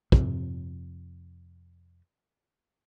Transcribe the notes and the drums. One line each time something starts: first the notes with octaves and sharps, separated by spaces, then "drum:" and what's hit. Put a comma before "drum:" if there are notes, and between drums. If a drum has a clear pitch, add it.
F2 C3, drum: kick